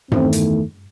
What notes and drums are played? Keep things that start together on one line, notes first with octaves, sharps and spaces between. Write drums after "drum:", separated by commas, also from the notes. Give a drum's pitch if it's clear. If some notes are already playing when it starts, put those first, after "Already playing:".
E2 D#3 A3 C4, drum: tom G2
drum: hi-hat